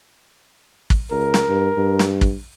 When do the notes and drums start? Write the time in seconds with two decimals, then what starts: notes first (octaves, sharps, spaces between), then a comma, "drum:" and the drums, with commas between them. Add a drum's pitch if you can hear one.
0.90 drum: kick
1.12 C#2 A#4
1.34 drum: snare
1.49 G2
1.78 G2
1.99 drum: snare
2.21 drum: kick